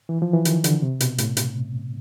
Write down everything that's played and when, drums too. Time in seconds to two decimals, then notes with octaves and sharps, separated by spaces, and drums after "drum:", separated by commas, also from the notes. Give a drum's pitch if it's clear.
0.09 E3
0.22 F3
0.34 E3
0.45 D#3, drum: hi-hat
0.64 D3, drum: hi-hat
0.82 C3
1.00 B2, drum: hi-hat
1.18 A2, drum: hi-hat
1.37 drum: hi-hat